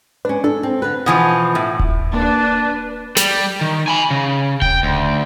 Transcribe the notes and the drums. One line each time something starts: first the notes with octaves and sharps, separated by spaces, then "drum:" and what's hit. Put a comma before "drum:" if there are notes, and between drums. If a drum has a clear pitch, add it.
C#4 D4 B4
D4 A4
C4
D3 B4
B2 E3 F3
A2
drum: kick D#1
A#3 D4 B4 A5
G3, drum: snare
D#3
G#5 B5
C#3
G5, drum: kick D#1
D2